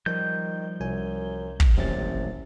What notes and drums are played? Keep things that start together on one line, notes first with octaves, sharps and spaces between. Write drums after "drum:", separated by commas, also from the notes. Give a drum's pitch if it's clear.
D#3 F3 G3 G6
C2 F#2 G#5
drum: kick
D#1 A1 C3 F#3 C#4 A6